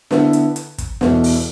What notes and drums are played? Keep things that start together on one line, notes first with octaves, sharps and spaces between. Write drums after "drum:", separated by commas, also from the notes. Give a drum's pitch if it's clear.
D3 B3 E4, drum: snare
drum: hi-hat
drum: hi-hat
drum: kick, hi-hat
E2 B2 B3 E4 A4, drum: snare
drum: open hi-hat